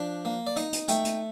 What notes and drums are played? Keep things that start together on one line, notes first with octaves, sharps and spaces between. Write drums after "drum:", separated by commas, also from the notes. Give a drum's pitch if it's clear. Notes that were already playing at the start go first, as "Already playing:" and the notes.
Already playing: F3 D4
A#3
D5
D#4 D#5, drum: hi-hat
drum: hi-hat
A3 G5, drum: hi-hat
drum: hi-hat